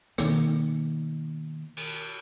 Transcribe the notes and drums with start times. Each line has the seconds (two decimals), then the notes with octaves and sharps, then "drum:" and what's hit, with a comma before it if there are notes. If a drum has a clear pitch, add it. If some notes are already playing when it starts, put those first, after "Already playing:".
0.18 B2 D#3 A#3, drum: rim click
1.77 drum: cymbal